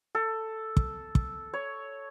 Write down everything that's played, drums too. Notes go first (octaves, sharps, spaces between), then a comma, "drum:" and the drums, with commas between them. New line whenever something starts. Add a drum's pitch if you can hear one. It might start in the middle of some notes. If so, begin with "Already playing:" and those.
A4
drum: kick
drum: kick
C#5